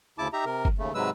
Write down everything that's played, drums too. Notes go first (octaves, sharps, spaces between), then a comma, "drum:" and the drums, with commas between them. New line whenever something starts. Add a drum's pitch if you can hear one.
D2 C#3 E4 A5 D6
D#4 G4 E5 A#5
C3 A#4
drum: kick F#1
D#2 C#3 A3
G#2 C3 F#3 G#3 B4 E6